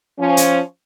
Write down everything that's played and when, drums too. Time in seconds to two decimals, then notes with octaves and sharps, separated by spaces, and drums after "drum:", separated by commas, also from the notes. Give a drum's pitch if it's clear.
0.19 F3 C#4
0.37 drum: hi-hat